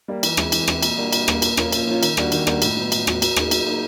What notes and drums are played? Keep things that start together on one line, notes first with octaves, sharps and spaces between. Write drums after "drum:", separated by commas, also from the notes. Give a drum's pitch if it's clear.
G3 A#3
E3, drum: cymbal
G#3 C4 E4, drum: rim click
E3, drum: cymbal
G#3 C4 E4, drum: rim click
A#2, drum: cymbal
G3 A#3 D4 F#4
A#2, drum: cymbal
G3 A#3 D4 F#4, drum: rim click
A#2, drum: cymbal
F3 A#3 C#4 F4, drum: rim click
A#2, drum: cymbal
F3 A#3 C#4 F4
D#3, drum: cymbal
G3 A#3 D4 F#4, drum: rim click
D#3, drum: cymbal
G3 A#3 D4 F#4, drum: rim click
A2, drum: cymbal
F#3 B3
A2, drum: cymbal
F#3 B3, drum: rim click
F#3, drum: cymbal
A#3 D#4 G#4, drum: rim click
F#3, drum: cymbal
A#3 D#4 G#4